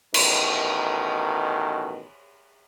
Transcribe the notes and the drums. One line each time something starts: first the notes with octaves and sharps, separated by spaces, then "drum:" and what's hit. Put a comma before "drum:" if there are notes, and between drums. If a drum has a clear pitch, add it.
A1 B2 D#3, drum: cymbal